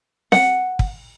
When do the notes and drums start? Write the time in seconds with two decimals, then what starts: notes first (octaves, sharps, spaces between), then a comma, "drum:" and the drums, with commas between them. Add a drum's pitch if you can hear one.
0.32 F#5, drum: snare C4
0.79 drum: kick